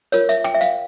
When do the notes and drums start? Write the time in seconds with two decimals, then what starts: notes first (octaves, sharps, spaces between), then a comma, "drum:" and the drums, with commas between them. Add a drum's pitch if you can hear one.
0.12 F4 A#4 C#5, drum: hi-hat
0.29 E5, drum: hi-hat
0.44 G5, drum: rim click
0.55 E5
0.61 F5, drum: hi-hat